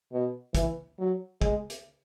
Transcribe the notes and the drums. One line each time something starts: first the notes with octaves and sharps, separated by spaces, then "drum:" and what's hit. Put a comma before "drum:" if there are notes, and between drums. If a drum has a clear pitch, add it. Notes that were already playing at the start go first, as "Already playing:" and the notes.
B2
E3, drum: kick, hi-hat
F#3
G#3, drum: kick
drum: hi-hat